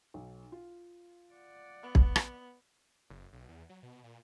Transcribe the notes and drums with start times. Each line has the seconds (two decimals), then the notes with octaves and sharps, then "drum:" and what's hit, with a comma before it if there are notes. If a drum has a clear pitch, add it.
0.14 B1
0.52 F4
1.33 D5 F#5
1.83 B3
1.95 drum: kick
2.16 drum: rim click
3.10 F#1
3.33 B1
3.49 E2
3.69 F#3
3.83 B2
4.04 A#2